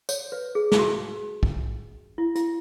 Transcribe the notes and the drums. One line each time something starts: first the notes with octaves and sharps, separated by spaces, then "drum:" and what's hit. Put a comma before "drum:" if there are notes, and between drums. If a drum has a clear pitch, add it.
C#5, drum: tambourine
B4
G#4
G#4, drum: snare
F#4
drum: kick
E4
E4, drum: hi-hat